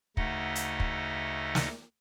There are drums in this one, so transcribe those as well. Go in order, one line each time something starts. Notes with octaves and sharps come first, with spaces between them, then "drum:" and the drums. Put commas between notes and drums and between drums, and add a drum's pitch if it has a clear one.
D2 C#3 A3 D#4 D#5 F#5, drum: kick
drum: hi-hat
drum: kick
drum: snare